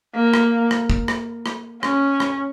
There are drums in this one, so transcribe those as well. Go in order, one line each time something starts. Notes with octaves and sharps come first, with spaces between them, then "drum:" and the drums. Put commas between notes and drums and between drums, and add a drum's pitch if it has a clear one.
A#3
drum: rim click
drum: rim click
drum: kick
drum: rim click
drum: rim click
C#4, drum: rim click
drum: rim click